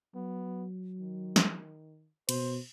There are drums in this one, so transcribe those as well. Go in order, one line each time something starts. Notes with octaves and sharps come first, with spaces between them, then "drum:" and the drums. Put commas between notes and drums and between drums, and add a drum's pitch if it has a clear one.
F#3 B3
D#3
drum: snare
B2 C5, drum: cymbal